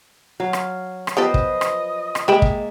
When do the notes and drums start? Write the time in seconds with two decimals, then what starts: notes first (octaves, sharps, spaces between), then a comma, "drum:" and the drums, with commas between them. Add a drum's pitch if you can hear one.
0.40 F#3 F5
0.53 drum: rim click
1.07 drum: rim click
1.17 F3 B3 G4 A4 B4 C5 D#5
1.34 drum: kick
1.61 drum: rim click
2.15 drum: rim click
2.28 G#3 A#3 G4 E5 G5 A5 B5
2.42 drum: kick